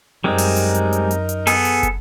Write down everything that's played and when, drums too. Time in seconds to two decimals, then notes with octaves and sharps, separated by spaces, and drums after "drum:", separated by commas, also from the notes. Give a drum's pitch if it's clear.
0.24 F#2 G3 G#3 C4 D#4 A#4
0.38 drum: open hi-hat
0.56 drum: hi-hat
0.74 drum: hi-hat
0.93 drum: hi-hat
1.11 drum: hi-hat
1.29 drum: hi-hat
1.47 B3 G#4 A4, drum: open hi-hat
1.65 drum: hi-hat
1.83 drum: kick, hi-hat